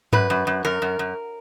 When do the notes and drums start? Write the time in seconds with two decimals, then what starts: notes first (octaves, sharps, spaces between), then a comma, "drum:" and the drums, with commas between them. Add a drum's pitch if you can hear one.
0.13 F#2 B4, drum: tom G2
0.30 F#2
0.47 F#2
0.65 F#2 A#4
0.82 F#2
0.99 F#2